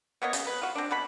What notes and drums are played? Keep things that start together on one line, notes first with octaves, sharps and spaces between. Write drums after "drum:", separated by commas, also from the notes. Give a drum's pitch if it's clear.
A#3 B3 C#5 D#5
C#3, drum: hi-hat
B4
F4 F#4
C4 D4
B2 F#4 B5